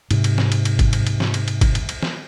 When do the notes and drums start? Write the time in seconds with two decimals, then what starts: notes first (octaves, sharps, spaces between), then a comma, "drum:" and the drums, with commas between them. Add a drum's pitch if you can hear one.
0.11 G#2 C3, drum: cymbal
0.24 drum: cymbal
0.38 drum: snare
0.52 drum: cymbal
0.65 drum: cymbal
0.79 drum: kick G1, cymbal
0.93 drum: cymbal
1.07 drum: cymbal
1.20 drum: snare
1.34 drum: cymbal
1.48 drum: cymbal
1.61 drum: kick G1, cymbal
1.75 drum: cymbal
1.89 drum: cymbal
2.03 drum: snare